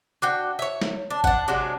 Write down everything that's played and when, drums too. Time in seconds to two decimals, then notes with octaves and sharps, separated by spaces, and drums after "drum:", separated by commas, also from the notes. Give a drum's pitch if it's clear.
0.22 D4 F#4 G5
0.59 C#5 E5
0.82 drum: snare
1.10 D4
1.24 D4 F#5, drum: kick G#1
1.48 C3 F#3 G#3 D4